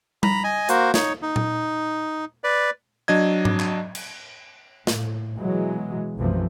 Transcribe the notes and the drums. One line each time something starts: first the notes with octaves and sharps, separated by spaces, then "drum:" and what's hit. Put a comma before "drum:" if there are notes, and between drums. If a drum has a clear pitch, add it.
A#5 B5, drum: tom G3
D#5 G#5
A#3 F#4 C5, drum: hi-hat
D#4 C#5, drum: snare
D#4
drum: tom A#2
B4 D5
F#3 D4 D#5 G#6
drum: tom G#2
drum: clap
drum: cymbal
A2, drum: snare
B2 E3 F#3 G#3
B1 F#2 C3 E3 F3 A3